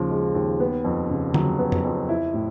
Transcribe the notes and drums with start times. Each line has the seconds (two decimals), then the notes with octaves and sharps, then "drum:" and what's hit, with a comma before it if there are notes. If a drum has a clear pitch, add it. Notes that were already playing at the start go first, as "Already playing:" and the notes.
Already playing: D#2 C#3 F3 G#3
0.10 G#3
0.35 D#2
0.60 B3
0.85 F2
1.10 C#3
1.34 F#3, drum: tom D3
1.59 B3
1.72 drum: tom F2
1.85 F2
2.09 E4
2.34 A2